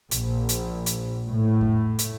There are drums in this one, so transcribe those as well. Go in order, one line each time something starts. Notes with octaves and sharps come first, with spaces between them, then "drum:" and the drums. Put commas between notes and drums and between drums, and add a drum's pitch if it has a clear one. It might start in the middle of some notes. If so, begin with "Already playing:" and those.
A#1, drum: hi-hat
drum: hi-hat
drum: hi-hat
A2
drum: kick F2
drum: hi-hat